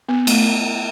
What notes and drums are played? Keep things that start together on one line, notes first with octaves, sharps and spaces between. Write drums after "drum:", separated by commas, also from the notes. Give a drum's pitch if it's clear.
B3
A3, drum: cymbal